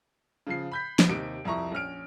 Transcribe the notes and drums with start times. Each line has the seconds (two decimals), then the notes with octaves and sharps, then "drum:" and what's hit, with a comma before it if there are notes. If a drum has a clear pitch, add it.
0.47 C#3 F3 C7
0.72 B5 G6 B6
0.99 drum: snare
1.09 D#2 C3 D#4 D7
1.44 C2 F2 E4 A#5 C#6
1.72 A#1 C#4 F6 D7